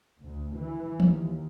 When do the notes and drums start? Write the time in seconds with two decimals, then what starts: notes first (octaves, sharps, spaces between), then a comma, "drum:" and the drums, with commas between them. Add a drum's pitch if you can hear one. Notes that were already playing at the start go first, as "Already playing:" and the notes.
0.22 D2
0.56 E3
1.00 D#2, drum: tom E3